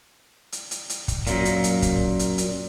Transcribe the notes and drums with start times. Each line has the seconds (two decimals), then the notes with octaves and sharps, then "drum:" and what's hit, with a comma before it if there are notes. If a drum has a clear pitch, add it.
0.52 drum: hi-hat
0.71 drum: hi-hat
0.90 drum: hi-hat
1.08 drum: kick, hi-hat
1.27 F#2 A#2, drum: hi-hat
1.45 drum: hi-hat
1.64 drum: hi-hat
1.82 drum: kick, hi-hat
2.19 drum: hi-hat
2.38 drum: hi-hat